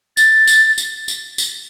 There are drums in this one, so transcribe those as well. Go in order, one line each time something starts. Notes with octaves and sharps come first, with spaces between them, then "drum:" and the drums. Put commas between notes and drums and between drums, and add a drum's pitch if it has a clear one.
A6, drum: tambourine
drum: tambourine
drum: tambourine
drum: tambourine
drum: tambourine